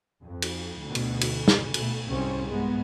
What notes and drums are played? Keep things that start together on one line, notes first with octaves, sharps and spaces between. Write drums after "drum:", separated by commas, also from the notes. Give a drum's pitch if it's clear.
F2
drum: cymbal
D2 B2
drum: cymbal
drum: cymbal
drum: snare
B2 A3, drum: cymbal
C2 G#2 C4 C#4
G#2 G#3 B3